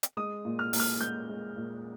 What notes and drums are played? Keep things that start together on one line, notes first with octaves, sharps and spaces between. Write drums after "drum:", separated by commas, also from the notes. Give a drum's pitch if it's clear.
drum: hi-hat
G#3 D#6
A#2
F6
A#2, drum: open hi-hat
F6
G#3 G6
G#3
A#2